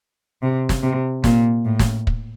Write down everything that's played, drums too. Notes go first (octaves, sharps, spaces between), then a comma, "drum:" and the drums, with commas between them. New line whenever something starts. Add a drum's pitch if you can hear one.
C3
drum: snare
C3
A#2, drum: snare
A2
drum: snare
drum: kick